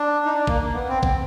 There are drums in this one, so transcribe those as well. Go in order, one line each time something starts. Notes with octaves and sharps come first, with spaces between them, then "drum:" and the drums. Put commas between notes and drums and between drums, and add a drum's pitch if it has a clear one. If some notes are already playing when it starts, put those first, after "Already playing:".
Already playing: D4
D#4
D4
A#3, drum: kick A1
A#3
B3
C4
C4, drum: kick A1